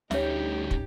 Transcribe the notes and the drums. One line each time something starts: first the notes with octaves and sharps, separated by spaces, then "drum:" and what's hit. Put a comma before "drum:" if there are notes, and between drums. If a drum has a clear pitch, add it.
D2 G3 C#4 D#4 G4 C#5 E5, drum: snare
drum: kick